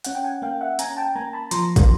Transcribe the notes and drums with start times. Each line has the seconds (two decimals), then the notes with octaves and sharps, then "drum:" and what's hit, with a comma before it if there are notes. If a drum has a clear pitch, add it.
0.05 C#4 F#5, drum: hi-hat
0.15 G5
0.24 F#5 G#5
0.42 A#3 F5 G5
0.61 E5 F#5
0.79 C#4 G#5 A#5, drum: hi-hat
0.97 G5 A5
1.15 A#3 G#5 A#5
1.33 A5 B5
1.51 F3 A#5 C6, drum: hi-hat
1.76 drum: kick, hi-hat